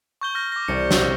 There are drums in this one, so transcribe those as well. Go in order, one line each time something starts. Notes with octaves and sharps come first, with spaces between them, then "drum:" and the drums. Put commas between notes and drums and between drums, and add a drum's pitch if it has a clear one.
C#6 G6 G7
F6 G6 A#6
D6 A#6
C2 D5 G5 C#7
F5 E6 F6, drum: snare